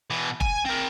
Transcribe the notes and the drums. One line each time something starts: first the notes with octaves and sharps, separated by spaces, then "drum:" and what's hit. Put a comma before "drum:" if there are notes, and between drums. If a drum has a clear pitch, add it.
B2 E3
G#5, drum: kick F1
C4 A#4